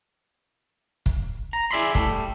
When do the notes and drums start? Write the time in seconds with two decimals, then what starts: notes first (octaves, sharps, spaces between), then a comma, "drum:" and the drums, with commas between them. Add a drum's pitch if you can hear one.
1.06 drum: kick
1.53 A#5
1.71 E4 G#4 D5 E5 B5 C6
1.95 G3 A3 A4, drum: kick